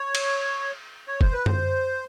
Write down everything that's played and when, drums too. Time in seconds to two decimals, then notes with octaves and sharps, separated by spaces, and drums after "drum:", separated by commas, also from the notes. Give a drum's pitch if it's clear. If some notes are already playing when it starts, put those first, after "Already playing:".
Already playing: C#5
0.15 drum: cymbal
1.08 C#5
1.21 C5, drum: kick
1.33 B4
1.46 C5, drum: tom F#2